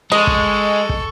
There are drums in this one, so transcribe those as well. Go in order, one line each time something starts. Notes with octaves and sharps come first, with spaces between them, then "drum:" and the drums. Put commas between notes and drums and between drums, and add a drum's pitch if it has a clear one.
G#3 A4 D#5 C#6
drum: kick
drum: kick